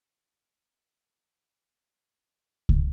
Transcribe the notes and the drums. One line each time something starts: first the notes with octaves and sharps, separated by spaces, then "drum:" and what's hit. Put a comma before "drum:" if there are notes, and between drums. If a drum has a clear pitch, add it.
A#5
A#4 F#5
F#3
G5
drum: kick C#2